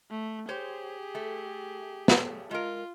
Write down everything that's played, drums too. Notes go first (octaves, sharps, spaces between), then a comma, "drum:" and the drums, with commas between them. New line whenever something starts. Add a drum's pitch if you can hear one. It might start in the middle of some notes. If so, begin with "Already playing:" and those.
A3
G4 G#4 C5 C#5
A3
A3, drum: snare
G#3 F4 A#4